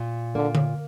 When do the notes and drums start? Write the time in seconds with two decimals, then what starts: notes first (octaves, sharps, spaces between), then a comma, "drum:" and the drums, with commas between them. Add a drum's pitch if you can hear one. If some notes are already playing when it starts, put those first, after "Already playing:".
Already playing: A#2
0.35 D3 A#3
0.55 drum: tom D3